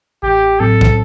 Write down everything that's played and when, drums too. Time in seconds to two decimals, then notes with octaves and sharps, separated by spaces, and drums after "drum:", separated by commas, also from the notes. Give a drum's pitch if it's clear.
0.23 A1 G4
0.60 A2 F#3 C4 A4
0.81 drum: kick B1